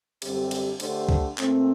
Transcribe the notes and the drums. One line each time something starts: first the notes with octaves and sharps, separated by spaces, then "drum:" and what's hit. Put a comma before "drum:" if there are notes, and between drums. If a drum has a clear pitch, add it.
F#2 D3 G3 C4 G4, drum: cymbal
drum: cymbal
D3 A3 D4 G4 C5, drum: cymbal
drum: kick
A#2 A3 C4, drum: clap